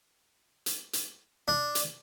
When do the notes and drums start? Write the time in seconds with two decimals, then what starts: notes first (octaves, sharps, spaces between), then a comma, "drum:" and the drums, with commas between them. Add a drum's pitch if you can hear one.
0.66 drum: hi-hat
0.93 drum: hi-hat
1.48 D4
1.75 drum: hi-hat